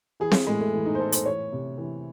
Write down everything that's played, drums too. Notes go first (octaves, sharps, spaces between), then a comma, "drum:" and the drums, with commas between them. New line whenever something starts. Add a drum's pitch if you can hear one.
E3 G#4
drum: snare C4
A2 G#3
A3
E3
D#4
C5
A2 A4
C5, drum: hi-hat
E3 C#5
C3
E3